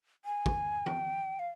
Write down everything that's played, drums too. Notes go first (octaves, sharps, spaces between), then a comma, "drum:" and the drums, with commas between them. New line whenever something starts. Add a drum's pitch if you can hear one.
G#5
drum: kick
G5, drum: tom E3
F5